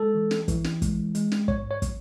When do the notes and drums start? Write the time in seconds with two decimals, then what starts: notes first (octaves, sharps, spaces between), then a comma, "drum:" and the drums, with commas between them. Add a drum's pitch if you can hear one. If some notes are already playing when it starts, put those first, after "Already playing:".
Already playing: G#3 A4
0.15 E3
0.31 drum: snare
0.48 E3, drum: kick, hi-hat
0.64 drum: snare
0.82 G#3, drum: kick, hi-hat
1.15 G#3, drum: hi-hat
1.32 drum: snare
1.48 G#2 C#5, drum: kick
1.71 C#5
1.82 drum: kick, hi-hat